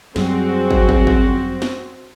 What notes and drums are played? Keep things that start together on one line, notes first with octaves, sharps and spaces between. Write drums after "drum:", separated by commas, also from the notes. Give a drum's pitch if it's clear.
F#2 F#3 G3 C4 F#4 G#4, drum: snare
drum: kick
drum: kick
drum: kick
drum: snare